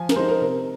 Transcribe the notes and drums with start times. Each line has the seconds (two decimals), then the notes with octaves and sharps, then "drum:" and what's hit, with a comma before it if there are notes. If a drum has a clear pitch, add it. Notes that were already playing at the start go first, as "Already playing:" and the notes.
Already playing: F3 G#5
0.09 A#4, drum: snare
0.16 G#3 D#4 C5
0.29 A#4
0.41 C3 A#4